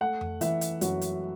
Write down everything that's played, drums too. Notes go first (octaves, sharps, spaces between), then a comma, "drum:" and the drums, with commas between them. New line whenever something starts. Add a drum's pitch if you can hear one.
A3 F#5
drum: tom F2
E3 E5, drum: hi-hat
drum: hi-hat
F#2 F#4, drum: hi-hat
drum: hi-hat